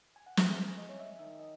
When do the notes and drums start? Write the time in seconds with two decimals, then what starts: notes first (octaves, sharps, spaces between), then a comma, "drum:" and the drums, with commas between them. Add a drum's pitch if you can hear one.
0.16 G#5
0.26 F#5
0.37 C#3 E5, drum: snare
0.57 G#5
0.78 D#5
0.89 C#5
0.99 E5
1.19 D#3 E5
1.39 D#5